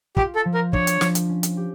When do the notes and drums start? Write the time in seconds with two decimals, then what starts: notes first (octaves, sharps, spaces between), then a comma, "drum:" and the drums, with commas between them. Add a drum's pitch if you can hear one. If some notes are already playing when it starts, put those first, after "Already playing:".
0.17 F4 G4, drum: kick
0.36 A4
0.45 F3
0.54 A#4
0.73 D4 C#5, drum: kick
0.87 drum: hi-hat
1.01 F3, drum: snare
1.15 drum: hi-hat
1.29 C#4
1.43 drum: hi-hat
1.57 G4